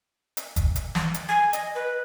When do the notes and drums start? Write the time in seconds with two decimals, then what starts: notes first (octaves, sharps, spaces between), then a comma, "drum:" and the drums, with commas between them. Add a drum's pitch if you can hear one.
0.37 drum: hi-hat
0.56 drum: kick, hi-hat
0.76 drum: hi-hat
0.95 drum: snare
1.14 drum: hi-hat
1.29 G#5
1.53 D#5, drum: hi-hat
1.75 B4